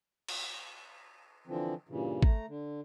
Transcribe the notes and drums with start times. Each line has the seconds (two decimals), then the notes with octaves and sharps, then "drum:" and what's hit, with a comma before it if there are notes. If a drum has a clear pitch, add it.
0.28 drum: cymbal
1.47 D3 E3 F3 C4
1.89 G2 A#2 C#3 E3
2.23 A3 A#5, drum: kick
2.48 D3